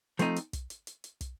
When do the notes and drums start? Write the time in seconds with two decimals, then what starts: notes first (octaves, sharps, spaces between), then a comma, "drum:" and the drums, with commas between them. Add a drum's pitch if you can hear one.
0.19 F3 A3 C4 D#4, drum: hi-hat
0.36 drum: hi-hat
0.53 drum: kick, hi-hat
0.70 drum: hi-hat
0.87 drum: hi-hat
1.04 drum: hi-hat
1.21 drum: kick, hi-hat